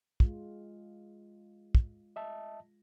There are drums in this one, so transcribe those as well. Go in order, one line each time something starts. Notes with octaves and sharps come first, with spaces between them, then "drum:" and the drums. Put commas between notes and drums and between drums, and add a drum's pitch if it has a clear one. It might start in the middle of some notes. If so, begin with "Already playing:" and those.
G#3 F4, drum: kick
drum: kick
D#5 E5 A5